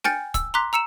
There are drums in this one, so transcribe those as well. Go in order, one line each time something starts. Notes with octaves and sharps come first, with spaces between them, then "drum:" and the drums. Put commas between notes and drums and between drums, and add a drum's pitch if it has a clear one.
G5 G#5 F6 G6 A6 C#7, drum: snare
E6, drum: kick D1, hi-hat
A#5 C6 D6 F#6 B6
A#5 E6 C#7 E7